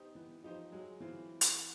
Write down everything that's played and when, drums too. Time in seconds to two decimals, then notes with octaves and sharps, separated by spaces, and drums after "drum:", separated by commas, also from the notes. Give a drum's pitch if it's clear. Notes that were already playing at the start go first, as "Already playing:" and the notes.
Already playing: B3 D#4 G4 C5
0.15 E3 B3
0.43 F3 D#4 G4 C5
0.72 F#3 G#3
1.00 E3 C4 F4
1.41 drum: hi-hat